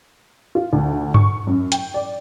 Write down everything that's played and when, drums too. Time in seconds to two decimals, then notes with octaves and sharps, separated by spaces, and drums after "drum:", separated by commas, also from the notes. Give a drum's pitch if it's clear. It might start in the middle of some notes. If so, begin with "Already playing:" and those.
0.55 F4
0.73 D2
1.14 C#6, drum: tom G2
1.47 F#2
1.72 G5, drum: hi-hat
1.94 D5